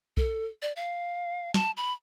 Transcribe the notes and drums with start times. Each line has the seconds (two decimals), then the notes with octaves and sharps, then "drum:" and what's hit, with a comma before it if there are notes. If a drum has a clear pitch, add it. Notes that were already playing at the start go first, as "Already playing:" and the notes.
0.17 A4, drum: kick B1
0.62 D5
0.76 F5
1.54 A5, drum: snare
1.77 B5